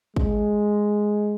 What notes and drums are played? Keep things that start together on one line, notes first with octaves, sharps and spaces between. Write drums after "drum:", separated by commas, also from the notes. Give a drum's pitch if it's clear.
G#3, drum: kick